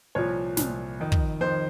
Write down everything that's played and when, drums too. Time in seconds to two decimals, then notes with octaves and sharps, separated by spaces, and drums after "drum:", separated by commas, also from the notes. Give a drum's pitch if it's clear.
0.15 C2 A#2 F3 C#5
0.57 C2 A#2 F3, drum: snare
1.00 F2 D#3
1.12 drum: kick
1.41 F2 D#3 C5